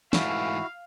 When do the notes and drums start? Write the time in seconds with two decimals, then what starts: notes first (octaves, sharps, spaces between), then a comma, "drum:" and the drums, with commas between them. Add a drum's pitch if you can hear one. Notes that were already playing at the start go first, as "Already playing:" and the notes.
0.13 G#2 E3 A3 E4 F#4 F5, drum: snare